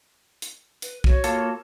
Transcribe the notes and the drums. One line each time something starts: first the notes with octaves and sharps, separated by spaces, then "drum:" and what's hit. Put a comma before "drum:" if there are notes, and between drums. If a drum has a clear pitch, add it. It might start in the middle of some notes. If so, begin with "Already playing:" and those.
drum: hi-hat
B4, drum: hi-hat
F#4 C#5, drum: kick
A#3 F4 A4, drum: hi-hat